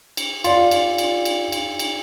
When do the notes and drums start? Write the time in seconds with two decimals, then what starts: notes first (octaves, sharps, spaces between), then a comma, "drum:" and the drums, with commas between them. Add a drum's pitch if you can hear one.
0.17 drum: cymbal
0.44 F4 D5, drum: cymbal
0.71 drum: cymbal
0.98 drum: cymbal
1.25 drum: cymbal
1.52 drum: cymbal
1.79 drum: cymbal